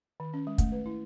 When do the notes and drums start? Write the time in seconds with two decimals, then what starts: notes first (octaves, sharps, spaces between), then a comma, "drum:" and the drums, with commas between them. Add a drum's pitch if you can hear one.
0.20 D#3
0.34 C#4
0.47 G#3
0.58 A3, drum: kick, hi-hat
0.72 B4
0.86 E4